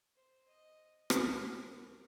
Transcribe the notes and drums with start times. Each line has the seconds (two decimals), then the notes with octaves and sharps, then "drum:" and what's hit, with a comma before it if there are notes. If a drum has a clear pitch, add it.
0.16 C5
0.48 D#5
1.10 F4, drum: rim click
1.46 A#4